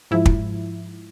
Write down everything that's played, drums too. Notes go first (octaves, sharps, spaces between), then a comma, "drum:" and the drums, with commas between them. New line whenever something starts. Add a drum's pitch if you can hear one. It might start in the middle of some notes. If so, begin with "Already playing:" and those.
G#2 F3 E4
drum: kick